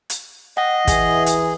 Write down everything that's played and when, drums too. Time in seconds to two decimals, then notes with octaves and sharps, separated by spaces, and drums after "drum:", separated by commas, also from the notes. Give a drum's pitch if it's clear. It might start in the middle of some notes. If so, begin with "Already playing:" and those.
0.10 drum: hi-hat
0.57 D#5 F#5 G5 A#6
0.87 E3 G#4, drum: kick, hi-hat
1.26 drum: hi-hat